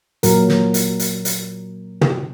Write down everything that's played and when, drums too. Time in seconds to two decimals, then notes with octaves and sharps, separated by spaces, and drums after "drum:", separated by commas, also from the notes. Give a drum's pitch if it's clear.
0.23 A#2 F#3 A#4, drum: hi-hat
0.49 drum: snare
0.74 drum: hi-hat
1.00 drum: hi-hat
1.25 drum: hi-hat
2.01 drum: tom